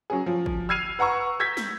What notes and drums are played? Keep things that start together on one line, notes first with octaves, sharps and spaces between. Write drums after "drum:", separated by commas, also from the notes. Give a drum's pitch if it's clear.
F#3 C#4 G#4
F3
drum: kick
E6 F6 G#6 C7 D#7 F7
B4 F#5 A#5 C#6 E6
E6 G6 G#6 A#6 B6
drum: snare